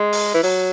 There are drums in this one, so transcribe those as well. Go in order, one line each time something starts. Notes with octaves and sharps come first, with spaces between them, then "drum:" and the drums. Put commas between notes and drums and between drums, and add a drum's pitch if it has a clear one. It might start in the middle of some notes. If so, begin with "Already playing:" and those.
Already playing: G#3
drum: open hi-hat
E3
F#3, drum: open hi-hat